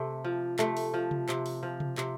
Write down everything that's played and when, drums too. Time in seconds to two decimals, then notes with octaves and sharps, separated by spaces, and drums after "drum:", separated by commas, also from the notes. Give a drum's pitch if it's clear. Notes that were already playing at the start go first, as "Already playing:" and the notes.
Already playing: C3 A3
0.24 F3
0.59 C3 A3, drum: clap
0.77 drum: open hi-hat
0.94 F3
1.11 drum: tom C3
1.29 C3, drum: clap
1.46 drum: open hi-hat
1.63 F3
1.80 drum: tom C3
1.98 C3, drum: clap